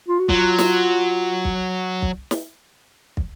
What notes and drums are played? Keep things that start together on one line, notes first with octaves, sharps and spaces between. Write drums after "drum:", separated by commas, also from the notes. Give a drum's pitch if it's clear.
F4
F#4
F#3 F4, drum: kick
drum: snare
drum: kick
drum: kick
drum: snare
drum: kick